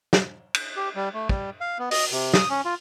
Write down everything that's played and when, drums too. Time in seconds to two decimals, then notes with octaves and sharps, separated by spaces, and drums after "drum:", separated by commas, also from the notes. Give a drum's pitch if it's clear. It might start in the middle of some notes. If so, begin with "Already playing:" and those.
0.13 drum: snare
0.54 drum: cymbal
0.76 G4
0.95 G3
1.14 A3
1.29 G3, drum: kick
1.61 F5
1.79 B3
1.91 D#5, drum: open hi-hat
2.12 C3
2.34 D#6, drum: snare
2.50 C#4
2.65 F4